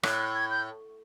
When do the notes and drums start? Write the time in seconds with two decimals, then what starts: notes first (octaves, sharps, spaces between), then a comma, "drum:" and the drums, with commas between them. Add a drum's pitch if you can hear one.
0.03 A2 F#6, drum: rim click
0.34 G#6
0.50 G6